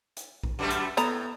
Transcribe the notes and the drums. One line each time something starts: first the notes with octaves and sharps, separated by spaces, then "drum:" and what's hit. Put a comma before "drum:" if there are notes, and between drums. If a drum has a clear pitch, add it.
drum: hi-hat
drum: kick A#1
F#2 G3 A3
drum: hi-hat
A2 B3 A4 A#5, drum: hi-hat